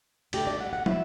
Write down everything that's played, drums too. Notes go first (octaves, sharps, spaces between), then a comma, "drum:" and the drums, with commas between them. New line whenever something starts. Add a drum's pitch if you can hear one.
G2 D3 A3 D4 G4, drum: cymbal
D5
F#5
F#5
F#3 C#4 E4 E5, drum: tom